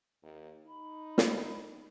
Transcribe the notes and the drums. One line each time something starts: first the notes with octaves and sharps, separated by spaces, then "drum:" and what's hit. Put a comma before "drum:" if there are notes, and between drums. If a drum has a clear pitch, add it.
D#2
D#4 B5
drum: snare